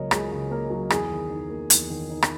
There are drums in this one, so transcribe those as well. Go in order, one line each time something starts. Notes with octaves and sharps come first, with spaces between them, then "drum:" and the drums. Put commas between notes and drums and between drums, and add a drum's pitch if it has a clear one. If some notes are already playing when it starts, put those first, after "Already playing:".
Already playing: C#2 C#3 F#3 A#3 A#4 C#5 D#5
C#2 G#4, drum: rim click
C#3
A#3 A#4
F#3
E2 G#4, drum: rim click
D#3
D#4
A#3
E2, drum: hi-hat
D#3
D#4
drum: rim click